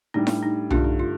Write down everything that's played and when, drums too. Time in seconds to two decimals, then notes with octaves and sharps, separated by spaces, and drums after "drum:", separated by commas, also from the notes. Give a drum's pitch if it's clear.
0.14 A2 G3 D4 D#4 G4
0.27 drum: snare E4
0.43 D#4
0.71 G2 D3 A3 F4, drum: tom B1
0.84 D#4
0.99 F4